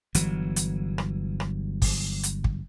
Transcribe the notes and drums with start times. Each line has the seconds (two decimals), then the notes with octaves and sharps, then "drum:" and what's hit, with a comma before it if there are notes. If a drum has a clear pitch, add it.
0.15 G1 E3 F#3, drum: hi-hat
0.56 drum: hi-hat
0.98 drum: rim click
1.40 drum: rim click
1.82 drum: kick, open hi-hat
2.23 drum: hi-hat
2.44 drum: kick